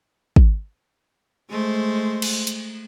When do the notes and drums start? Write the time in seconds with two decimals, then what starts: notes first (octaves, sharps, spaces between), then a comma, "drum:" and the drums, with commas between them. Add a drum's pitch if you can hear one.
0.36 drum: kick
1.50 G#3 A3 C5
2.22 drum: cymbal
2.47 drum: hi-hat